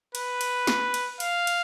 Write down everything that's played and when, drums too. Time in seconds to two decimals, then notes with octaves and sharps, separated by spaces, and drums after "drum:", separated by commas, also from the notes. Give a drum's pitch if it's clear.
0.15 B4, drum: cymbal
0.41 drum: cymbal
0.67 drum: snare
0.94 drum: cymbal
1.20 F5, drum: cymbal
1.47 drum: cymbal